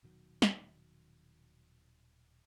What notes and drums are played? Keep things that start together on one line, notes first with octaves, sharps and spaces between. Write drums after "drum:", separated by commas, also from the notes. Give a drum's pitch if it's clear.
D#1 B2 D#3 F#3
drum: snare